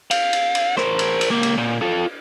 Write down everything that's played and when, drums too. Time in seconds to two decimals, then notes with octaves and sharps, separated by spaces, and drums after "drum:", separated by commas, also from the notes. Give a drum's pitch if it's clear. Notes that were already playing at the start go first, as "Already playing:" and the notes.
0.11 F5, drum: cymbal
0.33 drum: cymbal
0.55 drum: cymbal
0.77 A#4 C5, drum: rim click
0.99 drum: cymbal
1.21 drum: cymbal
1.31 C#2 A#3
1.43 drum: cymbal
1.58 A#2
1.82 F4 A4